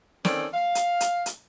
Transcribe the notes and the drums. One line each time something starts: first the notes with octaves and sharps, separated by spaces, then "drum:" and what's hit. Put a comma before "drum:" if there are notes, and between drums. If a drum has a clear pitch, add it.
D#3 C4 C#4 A4 D5, drum: snare
F5
drum: hi-hat
drum: hi-hat
drum: hi-hat